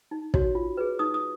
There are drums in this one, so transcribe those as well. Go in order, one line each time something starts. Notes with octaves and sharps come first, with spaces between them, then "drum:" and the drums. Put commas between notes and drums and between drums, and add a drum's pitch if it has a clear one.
D#4
F#4 C#5, drum: kick
F4
G#4 B4
D#4 D#6
D#6